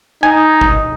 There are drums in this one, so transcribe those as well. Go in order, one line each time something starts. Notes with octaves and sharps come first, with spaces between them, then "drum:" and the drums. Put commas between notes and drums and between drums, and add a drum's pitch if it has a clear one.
D#4 G#5
drum: kick G#1